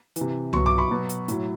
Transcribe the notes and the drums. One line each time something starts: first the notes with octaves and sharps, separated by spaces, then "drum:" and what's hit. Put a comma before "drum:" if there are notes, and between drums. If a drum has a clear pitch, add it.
E3, drum: hi-hat
C3
B2 F#3 C#6, drum: tom C2
D6
B5 C#6
B2 F#3
drum: hi-hat
A2 F#3, drum: hi-hat